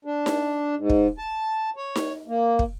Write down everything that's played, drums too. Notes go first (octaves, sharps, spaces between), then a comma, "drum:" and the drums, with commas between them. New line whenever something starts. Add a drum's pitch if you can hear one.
D4
drum: snare D#4
G#2
drum: kick
A5
C#5
drum: snare D#4
A#3
drum: kick